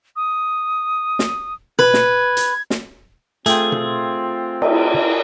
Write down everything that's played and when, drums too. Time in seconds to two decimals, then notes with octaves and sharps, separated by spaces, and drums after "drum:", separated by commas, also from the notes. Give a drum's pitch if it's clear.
0.16 D#6
1.19 drum: snare
1.79 B4 G#6, drum: tom B2
1.94 drum: snare
2.37 drum: hi-hat
2.70 drum: snare
3.46 A3 C4 F4 G#4 G5, drum: hi-hat
3.72 drum: tom B2
4.62 drum: cymbal